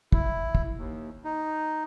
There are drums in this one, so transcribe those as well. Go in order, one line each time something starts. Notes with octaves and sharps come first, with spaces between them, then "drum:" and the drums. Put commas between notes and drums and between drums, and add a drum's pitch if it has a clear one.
E4, drum: kick
drum: kick
D#2
D#4